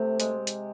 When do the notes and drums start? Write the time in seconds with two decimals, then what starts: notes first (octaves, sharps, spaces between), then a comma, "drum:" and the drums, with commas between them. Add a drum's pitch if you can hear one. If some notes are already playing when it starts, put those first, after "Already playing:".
Already playing: C3 A3
0.20 G#3, drum: hi-hat
0.47 drum: hi-hat